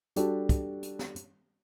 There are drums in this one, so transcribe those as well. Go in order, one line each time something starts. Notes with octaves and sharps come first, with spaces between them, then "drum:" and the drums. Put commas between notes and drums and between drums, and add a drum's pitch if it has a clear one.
G3 D4 F#4 G4 A4, drum: hi-hat
drum: kick, hi-hat
drum: hi-hat
drum: snare
drum: hi-hat